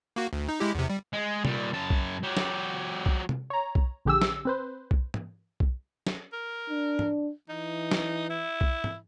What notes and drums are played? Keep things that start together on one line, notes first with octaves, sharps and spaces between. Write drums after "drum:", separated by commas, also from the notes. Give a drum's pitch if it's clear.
A#3 F#4
D2
D#4
G#3 E4 G4
E2 C3
G3
G#3
A#2 G3, drum: tom
F#2 A5
drum: kick B1
F#3 G4
drum: snare
drum: kick B1
drum: tom
C#5 A#5
drum: kick B1
A#1 D3 G4 G#4 E6
drum: snare
C4 B4 C5
drum: kick B1
drum: tom
drum: kick B1
drum: snare
A#4
D4
drum: tom
E3 D#4
drum: snare
E4
drum: kick B1
drum: tom